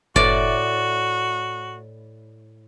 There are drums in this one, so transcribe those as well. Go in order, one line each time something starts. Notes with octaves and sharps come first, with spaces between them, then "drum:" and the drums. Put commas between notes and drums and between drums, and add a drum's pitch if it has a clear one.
A2 F#4 D5, drum: kick F#1